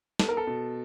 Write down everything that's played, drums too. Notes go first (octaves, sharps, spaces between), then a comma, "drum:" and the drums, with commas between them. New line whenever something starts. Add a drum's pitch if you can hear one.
B3 A4, drum: snare
A#4
A4
B2